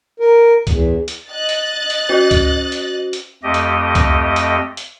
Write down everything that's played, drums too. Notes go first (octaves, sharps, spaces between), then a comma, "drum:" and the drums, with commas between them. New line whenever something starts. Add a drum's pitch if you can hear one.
A#4
E2, drum: kick C#2, hi-hat
drum: hi-hat
D#5 F#6 A6
drum: hi-hat
drum: hi-hat
C#4 F#4 C5
drum: kick C#2, hi-hat
drum: hi-hat
drum: hi-hat
F2 A3 G4 D#5
drum: hi-hat
drum: kick C#2, hi-hat
drum: hi-hat
drum: hi-hat